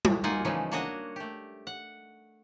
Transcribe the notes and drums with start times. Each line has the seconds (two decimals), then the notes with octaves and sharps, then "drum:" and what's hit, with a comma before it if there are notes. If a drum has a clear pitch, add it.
0.05 drum: tom G3
0.24 A#3 D#4 F4 F#5 G#5
0.45 C#3 E3 F3 G#3 A3 D#4
0.72 A#3 D4 F#4 C#5 D#5 F#5
1.16 A3 G4
1.67 F#5